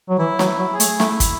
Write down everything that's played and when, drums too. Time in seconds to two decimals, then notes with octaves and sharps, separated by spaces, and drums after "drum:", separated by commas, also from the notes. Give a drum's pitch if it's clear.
0.09 F#3
0.18 E3 E4
0.39 F#3, drum: snare
0.46 E4
0.59 F#3
0.73 G#4
0.80 A3, drum: hi-hat
1.00 A3 E4, drum: snare
1.20 drum: kick, hi-hat